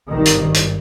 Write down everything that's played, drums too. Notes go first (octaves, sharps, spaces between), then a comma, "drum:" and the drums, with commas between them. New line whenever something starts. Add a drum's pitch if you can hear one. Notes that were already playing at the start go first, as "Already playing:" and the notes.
G#1 G2 D#3
drum: hi-hat
drum: hi-hat